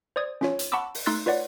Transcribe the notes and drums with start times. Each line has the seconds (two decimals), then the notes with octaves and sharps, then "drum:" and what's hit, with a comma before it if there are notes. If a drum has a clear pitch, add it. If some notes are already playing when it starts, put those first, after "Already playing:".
0.16 C5 D5 D#6 G#6
0.41 C#4 F4 C#5, drum: snare
0.59 drum: hi-hat
0.72 F#5 A5 B5 C#6 D6 E6
0.95 drum: open hi-hat
1.06 A3 D#4 C6 E6 F#6 A6
1.26 F4 B4 C#5 D5 F#5